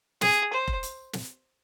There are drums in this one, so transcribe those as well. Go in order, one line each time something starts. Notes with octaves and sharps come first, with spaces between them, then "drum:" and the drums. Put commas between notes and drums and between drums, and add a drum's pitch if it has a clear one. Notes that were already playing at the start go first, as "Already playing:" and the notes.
G#4, drum: snare
C5
drum: kick F1
drum: hi-hat
drum: snare